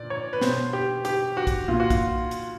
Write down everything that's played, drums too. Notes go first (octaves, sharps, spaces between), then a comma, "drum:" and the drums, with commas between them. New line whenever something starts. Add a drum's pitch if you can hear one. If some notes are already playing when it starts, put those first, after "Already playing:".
Already playing: A#2 D5
C#5
B4
B2 C5, drum: snare
G4
G4, drum: hi-hat
F#4
drum: kick, hi-hat
A#2 F4
F#4
F4, drum: kick, hi-hat
drum: hi-hat